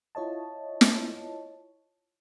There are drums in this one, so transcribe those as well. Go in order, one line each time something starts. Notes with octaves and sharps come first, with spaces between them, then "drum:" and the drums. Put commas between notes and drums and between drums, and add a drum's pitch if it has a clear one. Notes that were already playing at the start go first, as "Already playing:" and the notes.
E4 F4 C#5 D#5 A5
drum: snare